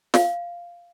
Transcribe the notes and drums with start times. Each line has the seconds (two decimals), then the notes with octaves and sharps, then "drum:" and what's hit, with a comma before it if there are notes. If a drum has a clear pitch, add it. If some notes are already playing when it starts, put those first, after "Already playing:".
0.14 F5, drum: snare